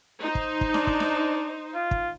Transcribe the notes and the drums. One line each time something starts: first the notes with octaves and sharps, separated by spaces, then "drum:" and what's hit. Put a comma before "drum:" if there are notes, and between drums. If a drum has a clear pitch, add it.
D#4 C5
drum: kick
drum: kick
D4, drum: snare D4
drum: kick
drum: snare D4
F4
drum: kick